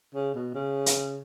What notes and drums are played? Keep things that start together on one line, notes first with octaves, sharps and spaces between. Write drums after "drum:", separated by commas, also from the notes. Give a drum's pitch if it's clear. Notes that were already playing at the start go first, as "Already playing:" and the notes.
C#3
B2
C#3
drum: hi-hat